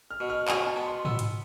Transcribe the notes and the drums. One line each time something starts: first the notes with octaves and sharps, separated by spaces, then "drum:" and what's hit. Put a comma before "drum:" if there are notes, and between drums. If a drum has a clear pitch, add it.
F6
B2
F6
B2 G#5, drum: clap
A5
B3
C6
B3 E6, drum: tom
drum: hi-hat